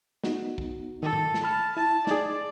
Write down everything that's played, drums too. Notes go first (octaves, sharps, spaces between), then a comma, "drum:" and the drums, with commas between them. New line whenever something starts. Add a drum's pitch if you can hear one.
B3 D#4 F#4, drum: snare
drum: kick
D#3 A4
drum: tom G#2
drum: snare
A5 B5 F6
E4 A5
D#4 G#4 D5, drum: snare